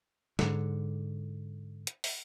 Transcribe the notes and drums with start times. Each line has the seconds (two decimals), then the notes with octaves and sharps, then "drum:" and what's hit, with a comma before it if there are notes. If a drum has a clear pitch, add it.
0.39 G#2 D3, drum: snare
1.87 drum: hi-hat
2.04 drum: open hi-hat